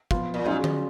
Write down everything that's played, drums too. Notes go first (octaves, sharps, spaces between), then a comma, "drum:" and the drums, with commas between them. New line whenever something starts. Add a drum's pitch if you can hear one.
F3 B3 F4, drum: kick
A#2
G#2 F#3 C#4 F4
drum: tom D3